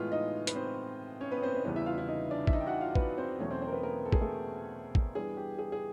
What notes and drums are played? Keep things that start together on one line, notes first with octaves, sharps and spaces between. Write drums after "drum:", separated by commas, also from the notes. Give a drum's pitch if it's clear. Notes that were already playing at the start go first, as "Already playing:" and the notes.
Already playing: A2 E3 G#3 B3 F4 F5
D#4 D#5
B4, drum: hi-hat
C4 C5
C#4 C#5
B3 B4
C4 C5
B3 B4
E2 C#3 E3 G3 B3 B4
E4 E5
F4 F5
E4 E5
D#4 D#5
D4 D5
E5, drum: kick
D#4 D#5
G5
F#4 F#5
F4 F5
B3 B4, drum: kick
C4 C5
E2 B2 F#3 A3 C#4 C#5
C4 C5
C4 C5
A#4
B3 B4
A#3 A#4
A4
G#4, drum: kick
A3 A4
drum: kick
G2 E3 G3 B3 G#4
G4
G#4
G#4